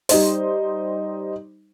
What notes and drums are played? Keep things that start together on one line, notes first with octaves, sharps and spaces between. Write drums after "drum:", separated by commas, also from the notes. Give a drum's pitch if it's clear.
G3 D#4 C5, drum: open hi-hat